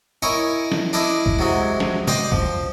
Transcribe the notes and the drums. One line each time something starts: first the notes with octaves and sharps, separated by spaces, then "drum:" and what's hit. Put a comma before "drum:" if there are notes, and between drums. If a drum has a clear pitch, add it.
E4 A#4 C#5 D#5 G#5
drum: snare
D4 E4 D5 D#5
drum: kick
C3 F#3 G#3
drum: snare
D5 D#5 G5 C6 D6, drum: tom
F3, drum: kick